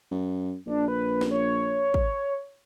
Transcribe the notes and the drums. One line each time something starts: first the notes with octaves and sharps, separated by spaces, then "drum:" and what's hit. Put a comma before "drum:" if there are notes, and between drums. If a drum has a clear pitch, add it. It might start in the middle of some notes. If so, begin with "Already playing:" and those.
F#2
A#1 D4
B4
drum: snare
C#5
drum: kick